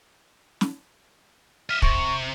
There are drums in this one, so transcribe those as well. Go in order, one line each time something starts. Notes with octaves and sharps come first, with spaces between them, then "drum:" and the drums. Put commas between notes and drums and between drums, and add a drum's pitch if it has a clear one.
drum: snare
D#5 E5 F6
C3 C#6, drum: kick